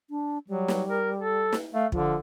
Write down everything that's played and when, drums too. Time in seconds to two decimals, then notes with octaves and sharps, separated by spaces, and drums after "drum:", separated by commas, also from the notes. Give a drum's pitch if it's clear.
0.10 D4
0.48 F#3 G3
0.68 drum: snare
0.90 A#4
1.17 A4
1.53 drum: snare
1.74 A3 F5
1.92 D3 F3, drum: kick